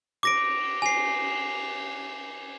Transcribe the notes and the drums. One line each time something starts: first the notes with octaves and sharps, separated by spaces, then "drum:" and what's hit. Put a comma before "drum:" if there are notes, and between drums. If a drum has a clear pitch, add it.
D6 A#6 D7, drum: cymbal
G#5 C7, drum: cymbal
drum: cymbal